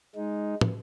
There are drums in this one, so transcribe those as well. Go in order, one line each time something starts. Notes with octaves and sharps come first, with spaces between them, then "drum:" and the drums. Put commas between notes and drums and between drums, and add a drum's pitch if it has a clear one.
G#3 D#4
drum: tom